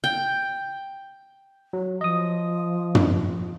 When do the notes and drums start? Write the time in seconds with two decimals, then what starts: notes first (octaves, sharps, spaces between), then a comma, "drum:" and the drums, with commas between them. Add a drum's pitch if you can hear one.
0.04 G5
1.73 F#3
2.01 F3 D#5 D#6
2.95 drum: tom